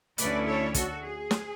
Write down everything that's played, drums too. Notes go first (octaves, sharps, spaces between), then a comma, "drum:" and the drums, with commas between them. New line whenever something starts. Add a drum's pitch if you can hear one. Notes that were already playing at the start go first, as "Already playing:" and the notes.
D2 D3 A3 C#4 E4 B4 D5, drum: hi-hat
A4 C#5
F#4 A4, drum: kick, hi-hat
G#4
drum: snare